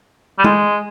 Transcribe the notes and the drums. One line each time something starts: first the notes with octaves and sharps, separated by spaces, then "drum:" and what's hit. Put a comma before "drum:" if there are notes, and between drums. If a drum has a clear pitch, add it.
G3
G#3, drum: tom G#3